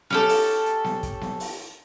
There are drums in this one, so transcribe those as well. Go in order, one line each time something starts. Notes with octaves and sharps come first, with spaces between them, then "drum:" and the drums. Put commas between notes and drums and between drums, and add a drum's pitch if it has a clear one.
C#4 G4 A4, drum: snare B3
drum: open hi-hat
drum: hi-hat
drum: snare B3
drum: kick, hi-hat
drum: snare B3
drum: open hi-hat